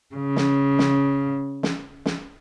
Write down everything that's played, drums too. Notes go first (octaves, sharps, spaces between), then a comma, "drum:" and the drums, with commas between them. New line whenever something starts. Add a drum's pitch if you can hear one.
C#3
drum: snare
drum: snare
drum: snare
drum: snare